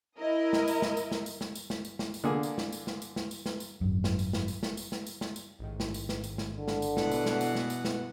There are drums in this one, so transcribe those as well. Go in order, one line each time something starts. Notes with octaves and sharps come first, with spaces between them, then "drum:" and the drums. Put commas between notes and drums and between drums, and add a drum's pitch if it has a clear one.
E4 A#4 D#5
drum: snare
drum: tambourine
drum: snare
drum: tambourine
drum: snare
drum: tambourine
drum: snare
drum: tambourine
drum: snare
drum: tambourine
drum: snare
drum: tambourine
D3 A#3 G#4
drum: tambourine
drum: snare
drum: tambourine
drum: snare
drum: tambourine
drum: snare
drum: tambourine
drum: snare
drum: tambourine
G#1 F#2
drum: snare
drum: tambourine
drum: snare
drum: tambourine
drum: snare
drum: tambourine
drum: snare
drum: tambourine
drum: snare
drum: tambourine
A1 G#2 D#3
drum: snare
drum: tambourine
drum: snare
drum: tambourine
drum: snare
D3
drum: snare
drum: tambourine
B2 E3 F#5, drum: snare
drum: tambourine
drum: snare
drum: tambourine
drum: snare
drum: tambourine
drum: snare